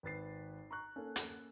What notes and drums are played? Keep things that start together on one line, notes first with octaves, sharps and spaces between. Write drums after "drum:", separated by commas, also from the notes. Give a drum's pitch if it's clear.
G#1 B4 A6 C7
A#5 C#6 F#6
A#3 C#4 A4
drum: hi-hat